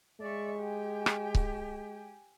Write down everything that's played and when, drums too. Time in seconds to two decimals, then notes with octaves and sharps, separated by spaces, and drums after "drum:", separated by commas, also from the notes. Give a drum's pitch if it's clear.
0.21 G#3 D5 E5 C#6
0.61 G4 G5 G#5
1.06 drum: rim click
1.35 drum: kick C#1